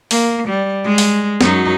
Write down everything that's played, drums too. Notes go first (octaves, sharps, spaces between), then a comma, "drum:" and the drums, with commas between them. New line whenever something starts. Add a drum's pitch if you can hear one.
A#3, drum: open hi-hat
G3
G#3
drum: open hi-hat
F#2 F#3 D#4, drum: snare